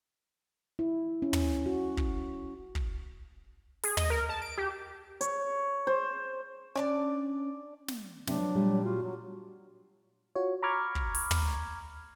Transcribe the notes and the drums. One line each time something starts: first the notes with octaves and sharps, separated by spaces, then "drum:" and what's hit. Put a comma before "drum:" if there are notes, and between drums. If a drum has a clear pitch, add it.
E4
C#4
drum: tom
F#4
drum: kick
drum: kick
G#4, drum: open hi-hat
D#5, drum: tom
A#4
A5
D7
G4
C#5, drum: hi-hat
C5
C#4 D4 D5 A5
drum: snare
C3 F#3 D4, drum: snare
F3
A#2 G3 A3
F4 F#4
F#3
F4 F#4 C#5
A#5 B5 C#6 D6 F6 G#6
drum: kick
drum: open hi-hat
drum: tom